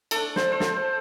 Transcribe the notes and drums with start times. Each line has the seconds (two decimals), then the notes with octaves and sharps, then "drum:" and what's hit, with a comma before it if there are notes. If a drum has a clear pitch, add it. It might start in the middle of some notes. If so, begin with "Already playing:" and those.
0.11 A3 D4 A4, drum: cymbal
0.36 C5, drum: snare
0.52 C5
0.60 A4, drum: snare
0.76 C5